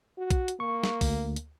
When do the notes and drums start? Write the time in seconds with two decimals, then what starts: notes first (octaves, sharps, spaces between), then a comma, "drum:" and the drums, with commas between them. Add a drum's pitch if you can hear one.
0.18 F#4
0.31 drum: kick, hi-hat
0.48 drum: hi-hat
0.60 A#3 C#6
0.83 drum: snare
1.01 D2, drum: kick, open hi-hat
1.36 drum: hi-hat